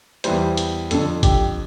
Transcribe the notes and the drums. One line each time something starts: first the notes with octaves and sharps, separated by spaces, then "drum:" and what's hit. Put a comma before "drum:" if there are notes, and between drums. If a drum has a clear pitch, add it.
E2 E3 G3 C5, drum: hi-hat
drum: hi-hat
F2 D3 F3 A4, drum: hi-hat
G4, drum: kick G#1, hi-hat